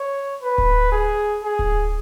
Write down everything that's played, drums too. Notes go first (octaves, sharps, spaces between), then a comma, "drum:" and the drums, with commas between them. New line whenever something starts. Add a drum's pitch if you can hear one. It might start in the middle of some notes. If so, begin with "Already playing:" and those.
Already playing: C#5
B4
drum: kick D1
G#4
G#4
drum: kick D1